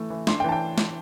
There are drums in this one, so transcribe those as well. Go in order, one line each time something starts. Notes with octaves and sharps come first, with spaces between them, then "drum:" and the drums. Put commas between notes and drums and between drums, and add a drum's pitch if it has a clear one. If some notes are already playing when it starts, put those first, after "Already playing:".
Already playing: E3 A3
E3
D4 C6, drum: snare
G5
E3 A5
G5
drum: snare